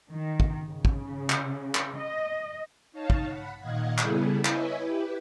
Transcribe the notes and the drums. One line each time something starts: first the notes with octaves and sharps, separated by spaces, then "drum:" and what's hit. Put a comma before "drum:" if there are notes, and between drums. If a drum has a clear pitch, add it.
D#3
drum: kick
C#3
drum: kick
drum: clap
drum: clap
D#5
D#4 C#5 F5 A5
drum: kick
F#5 B5
A#2 D#3 D#5 F5 F#5 G#6
C#3 G3 B3 E4 G#4 A4, drum: clap
E4 B4 C#5 D#5 E5 G#5, drum: clap
E4 G4 B4